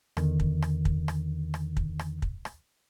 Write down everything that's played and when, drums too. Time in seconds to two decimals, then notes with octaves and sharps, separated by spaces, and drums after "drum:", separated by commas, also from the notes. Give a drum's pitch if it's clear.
0.17 E2 D3 D#3, drum: rim click
0.40 drum: kick
0.62 drum: rim click
0.85 drum: kick
1.08 drum: rim click
1.54 drum: rim click
1.77 drum: kick
1.99 drum: rim click
2.22 drum: kick
2.45 drum: rim click